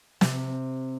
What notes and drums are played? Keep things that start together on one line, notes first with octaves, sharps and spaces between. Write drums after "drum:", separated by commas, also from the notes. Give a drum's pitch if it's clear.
C3, drum: snare